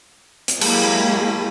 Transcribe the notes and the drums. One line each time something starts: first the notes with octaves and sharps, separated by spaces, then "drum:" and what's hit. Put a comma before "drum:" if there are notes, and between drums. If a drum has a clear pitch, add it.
drum: hi-hat
F#3 G#3 A#3 E4 G4 G#4, drum: cymbal